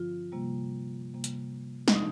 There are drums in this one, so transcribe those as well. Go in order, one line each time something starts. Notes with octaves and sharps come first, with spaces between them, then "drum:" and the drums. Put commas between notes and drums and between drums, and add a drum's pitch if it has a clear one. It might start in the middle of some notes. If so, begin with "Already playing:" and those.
Already playing: G2 D3 F3 C4 F4
C3 G3 A#3
C3 G3 A#3
drum: hi-hat
D4, drum: snare
A#2 F3 D#4